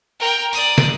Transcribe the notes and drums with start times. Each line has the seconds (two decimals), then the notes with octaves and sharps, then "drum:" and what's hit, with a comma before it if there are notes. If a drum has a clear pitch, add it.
0.20 A#4 G5
0.53 D5 D#6, drum: tambourine
0.78 drum: snare